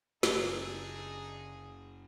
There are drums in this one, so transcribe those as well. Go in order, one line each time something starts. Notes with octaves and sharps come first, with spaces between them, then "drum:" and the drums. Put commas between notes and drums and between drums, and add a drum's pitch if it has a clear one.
F#1 C#3 D4 D#4 G#4, drum: snare